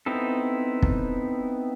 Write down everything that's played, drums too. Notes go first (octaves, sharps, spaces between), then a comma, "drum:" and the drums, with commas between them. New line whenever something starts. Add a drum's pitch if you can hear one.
B3 C4 D#4 E4 A4
drum: kick